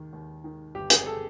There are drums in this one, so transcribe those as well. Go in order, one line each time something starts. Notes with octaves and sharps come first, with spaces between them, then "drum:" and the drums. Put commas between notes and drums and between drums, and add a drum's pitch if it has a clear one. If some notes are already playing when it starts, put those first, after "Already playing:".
Already playing: D#2 D#3
D#2
D#3
G1 G4
G#4, drum: hi-hat
A4